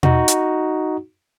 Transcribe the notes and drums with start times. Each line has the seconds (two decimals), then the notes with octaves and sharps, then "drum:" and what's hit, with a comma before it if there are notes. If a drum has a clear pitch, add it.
0.03 D#4 F#4, drum: tom
0.28 drum: hi-hat